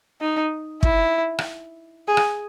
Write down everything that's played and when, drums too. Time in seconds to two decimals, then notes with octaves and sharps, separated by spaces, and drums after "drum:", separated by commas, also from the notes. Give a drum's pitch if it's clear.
0.21 D#4
0.83 E4, drum: kick
1.39 drum: rim click
2.08 G#4
2.17 drum: rim click